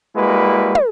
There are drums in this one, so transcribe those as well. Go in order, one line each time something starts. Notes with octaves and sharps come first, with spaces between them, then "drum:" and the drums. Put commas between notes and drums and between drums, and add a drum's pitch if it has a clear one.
G3 G#3 A#3 E4 F#4 B4
drum: tom